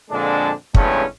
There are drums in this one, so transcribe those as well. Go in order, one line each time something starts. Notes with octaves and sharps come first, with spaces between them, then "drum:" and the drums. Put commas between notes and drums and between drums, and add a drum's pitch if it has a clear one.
F2 A#2 D3 G#3 D4
E2 G2 C#3 G#3 A3 C#4, drum: kick